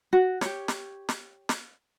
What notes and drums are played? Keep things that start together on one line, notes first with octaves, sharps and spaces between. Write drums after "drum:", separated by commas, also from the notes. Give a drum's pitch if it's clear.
F#4
G4 C#5, drum: snare
drum: snare
drum: snare
drum: snare